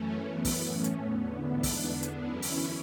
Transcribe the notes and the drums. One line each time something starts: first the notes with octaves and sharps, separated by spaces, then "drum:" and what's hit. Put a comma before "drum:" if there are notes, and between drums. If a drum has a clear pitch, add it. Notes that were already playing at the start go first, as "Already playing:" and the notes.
Already playing: F#2 E3 A3 C#4
F#2 E3 B3
drum: kick, open hi-hat
A2 E3 A3 C#4
drum: hi-hat
E2 D3 B3
G#2 E3 B3 D4
drum: kick, open hi-hat
E2 D3
drum: hi-hat
F#2 E3 C#4 E4
drum: open hi-hat